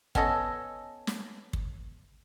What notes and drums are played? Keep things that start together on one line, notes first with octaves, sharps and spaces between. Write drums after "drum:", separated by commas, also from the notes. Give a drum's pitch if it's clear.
B3 C#4 A4 D#5, drum: kick
drum: snare
drum: kick